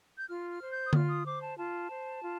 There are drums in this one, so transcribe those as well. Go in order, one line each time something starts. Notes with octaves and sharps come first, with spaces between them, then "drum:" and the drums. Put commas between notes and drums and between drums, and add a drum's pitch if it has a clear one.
G6
F4 F6
F6
C5
G6
D#6
F4 F6, drum: tom D3
D#6
C5 D6
A5
F4 A5
C5
F4